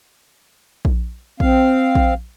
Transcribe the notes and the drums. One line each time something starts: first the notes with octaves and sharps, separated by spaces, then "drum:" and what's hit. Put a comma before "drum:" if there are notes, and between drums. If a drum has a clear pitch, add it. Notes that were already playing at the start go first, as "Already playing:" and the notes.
drum: kick A#1
C4 F5, drum: kick A#1
drum: kick A#1